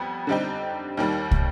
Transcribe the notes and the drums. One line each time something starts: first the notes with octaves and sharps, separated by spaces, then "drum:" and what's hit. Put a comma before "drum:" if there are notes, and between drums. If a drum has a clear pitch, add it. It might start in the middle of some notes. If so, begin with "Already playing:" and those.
Already playing: F2 G3 B3
D3 G3 C4 D#4 G4
D#2 D#3 G3
drum: kick